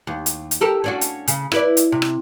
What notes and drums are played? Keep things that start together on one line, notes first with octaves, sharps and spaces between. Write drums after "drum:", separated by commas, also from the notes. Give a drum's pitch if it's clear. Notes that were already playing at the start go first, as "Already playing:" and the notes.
D#2
drum: hi-hat
drum: hi-hat
G4 A4 A#4
C#4 D4 F#4
drum: hi-hat
C#3, drum: hi-hat
E4 B4 D5, drum: rim click
drum: hi-hat
C3
drum: rim click